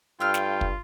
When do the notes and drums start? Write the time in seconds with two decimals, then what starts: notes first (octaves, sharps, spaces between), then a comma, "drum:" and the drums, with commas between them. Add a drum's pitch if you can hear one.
0.20 G2 A3 F4 G5 E6 F6
0.34 drum: snare
0.61 drum: kick